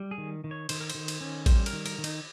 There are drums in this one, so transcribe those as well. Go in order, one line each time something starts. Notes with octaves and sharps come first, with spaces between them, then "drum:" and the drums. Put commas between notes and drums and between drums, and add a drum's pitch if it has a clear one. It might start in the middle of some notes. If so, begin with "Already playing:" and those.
Already playing: G3
G#4
D#3
D#3
C#5
D#3 C5, drum: cymbal
A#4
C5, drum: cymbal
D#3
drum: cymbal
C#4
G3 C5, drum: kick A1, cymbal
A#4, drum: cymbal
D#3
A#4, drum: cymbal
D#3
D#4, drum: cymbal